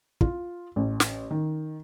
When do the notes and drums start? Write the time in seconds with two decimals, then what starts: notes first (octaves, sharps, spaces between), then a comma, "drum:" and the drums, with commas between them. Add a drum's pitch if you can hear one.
0.21 F4, drum: kick
0.76 A1
1.00 drum: snare
1.31 D#3